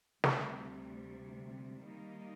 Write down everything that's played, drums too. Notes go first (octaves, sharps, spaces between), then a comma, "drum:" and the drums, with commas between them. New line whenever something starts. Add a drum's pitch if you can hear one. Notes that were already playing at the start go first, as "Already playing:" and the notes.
D2 C3 G3, drum: snare
D#3 G3 A#3 D#4